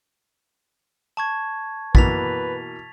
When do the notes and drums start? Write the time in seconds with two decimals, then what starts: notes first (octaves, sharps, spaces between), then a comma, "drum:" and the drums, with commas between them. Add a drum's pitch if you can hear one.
1.17 A5 C#6 G#6
1.95 B2 E3 A#3 B4 A6 B6 F7, drum: kick A#1